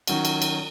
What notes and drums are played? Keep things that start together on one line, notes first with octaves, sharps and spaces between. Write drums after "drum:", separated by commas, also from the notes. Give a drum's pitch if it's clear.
D#3 F#3 C#4 F#4, drum: cymbal
drum: cymbal
drum: cymbal